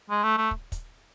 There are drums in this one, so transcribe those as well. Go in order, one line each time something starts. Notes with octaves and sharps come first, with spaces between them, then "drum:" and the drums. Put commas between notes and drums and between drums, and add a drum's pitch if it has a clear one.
G#3
A3
A3
drum: kick
drum: kick, hi-hat